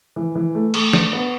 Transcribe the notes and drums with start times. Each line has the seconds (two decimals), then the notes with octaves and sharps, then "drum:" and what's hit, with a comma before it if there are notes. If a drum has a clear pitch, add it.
0.16 E3
0.35 E3
0.55 A3
0.74 A3, drum: cymbal
0.93 D4, drum: snare
1.13 B3